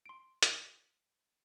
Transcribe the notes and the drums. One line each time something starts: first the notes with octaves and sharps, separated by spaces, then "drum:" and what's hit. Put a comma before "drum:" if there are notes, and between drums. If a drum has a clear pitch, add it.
C6 D7
drum: hi-hat